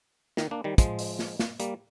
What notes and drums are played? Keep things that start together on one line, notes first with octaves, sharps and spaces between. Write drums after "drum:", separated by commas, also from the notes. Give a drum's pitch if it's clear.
D#3, drum: snare
A#3 D4
D#3 G3
F3 G#3, drum: kick, hi-hat
drum: open hi-hat
drum: snare
drum: snare
G3 A#3, drum: hi-hat